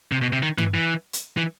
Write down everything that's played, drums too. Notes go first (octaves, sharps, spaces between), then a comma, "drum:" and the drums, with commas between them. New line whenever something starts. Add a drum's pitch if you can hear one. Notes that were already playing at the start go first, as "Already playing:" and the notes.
C3
B2
C3
D#3
E3, drum: tom G2
E3
drum: hi-hat
E3